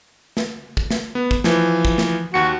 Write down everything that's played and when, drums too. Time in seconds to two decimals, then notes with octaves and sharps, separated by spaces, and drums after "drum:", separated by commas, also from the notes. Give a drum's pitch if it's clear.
0.37 drum: snare
0.77 drum: kick
0.91 drum: snare
1.15 B3
1.31 drum: kick
1.44 E3 F3, drum: snare
1.85 drum: kick
1.98 drum: snare
2.34 D#2 F#4 C#7